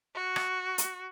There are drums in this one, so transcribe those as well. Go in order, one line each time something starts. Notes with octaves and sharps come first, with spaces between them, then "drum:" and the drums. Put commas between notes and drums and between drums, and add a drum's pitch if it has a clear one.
F#4
drum: rim click
drum: hi-hat